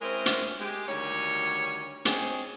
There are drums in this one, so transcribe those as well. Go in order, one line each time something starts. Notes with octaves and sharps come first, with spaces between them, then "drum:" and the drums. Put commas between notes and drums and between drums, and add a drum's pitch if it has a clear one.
G#3 C4 C#4 E4 A#4
drum: hi-hat
G#3 G4
D2 D#3 G3 C#5
C4 C#4 D#4 G#4 C5 C#5, drum: hi-hat